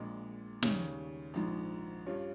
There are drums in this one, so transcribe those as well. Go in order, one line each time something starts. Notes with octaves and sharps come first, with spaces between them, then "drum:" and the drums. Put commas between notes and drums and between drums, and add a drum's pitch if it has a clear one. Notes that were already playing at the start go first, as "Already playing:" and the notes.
Already playing: A#1 A#2 G#3
D#2 C#3 G3, drum: snare
A#1 G#2 F3
G2 G3 C#4 F4